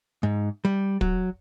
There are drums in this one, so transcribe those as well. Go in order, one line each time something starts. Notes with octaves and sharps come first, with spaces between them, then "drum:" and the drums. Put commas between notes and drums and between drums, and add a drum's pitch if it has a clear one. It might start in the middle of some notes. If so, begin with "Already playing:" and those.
G#2
G3
F#3, drum: kick